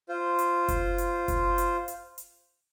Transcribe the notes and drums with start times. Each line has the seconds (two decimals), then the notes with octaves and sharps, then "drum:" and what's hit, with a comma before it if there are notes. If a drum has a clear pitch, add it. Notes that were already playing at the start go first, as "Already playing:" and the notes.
0.09 F4 C5
0.39 drum: hi-hat
0.68 drum: kick F#1, hi-hat
0.98 drum: hi-hat
1.28 drum: kick F#1, hi-hat
1.58 drum: hi-hat
1.88 drum: hi-hat
2.18 drum: hi-hat